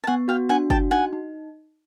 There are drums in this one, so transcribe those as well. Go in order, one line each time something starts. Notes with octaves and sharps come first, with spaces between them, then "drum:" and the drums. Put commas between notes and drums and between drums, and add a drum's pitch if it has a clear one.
A5
B3 F#5 G#5
F#4 F5 G5
D4 F#5 G#5
F#4 G5 A5, drum: kick
D#4 F#5 G#5
D#4